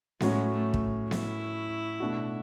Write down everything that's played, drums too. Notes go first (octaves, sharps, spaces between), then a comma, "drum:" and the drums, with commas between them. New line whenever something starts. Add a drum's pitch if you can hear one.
A2 F#3 G#3 C#4 F#4, drum: snare B3
A3
drum: kick
E4, drum: snare B3
B2 A3 D4 F#4